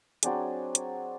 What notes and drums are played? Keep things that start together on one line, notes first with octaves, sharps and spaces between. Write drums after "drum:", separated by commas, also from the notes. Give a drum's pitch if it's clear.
F#3 C4 D4 G#4, drum: hi-hat
drum: hi-hat